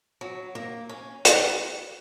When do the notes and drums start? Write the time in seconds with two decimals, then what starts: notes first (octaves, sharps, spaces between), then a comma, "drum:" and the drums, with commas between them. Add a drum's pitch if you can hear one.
0.21 F#3
0.55 A#3
0.89 C#4
1.25 drum: hi-hat